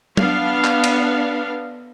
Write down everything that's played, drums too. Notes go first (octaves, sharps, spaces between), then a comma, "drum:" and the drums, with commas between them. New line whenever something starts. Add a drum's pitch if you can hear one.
B3 D4 F5, drum: tom F#3
drum: clap
drum: cymbal